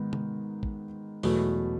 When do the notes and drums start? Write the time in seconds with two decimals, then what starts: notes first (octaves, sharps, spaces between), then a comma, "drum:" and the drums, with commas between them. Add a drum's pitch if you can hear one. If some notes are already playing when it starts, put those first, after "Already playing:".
Already playing: G#2 D#3 B3
0.13 drum: tom
0.63 drum: kick A1
1.23 E2 B2 F#3 A3, drum: open hi-hat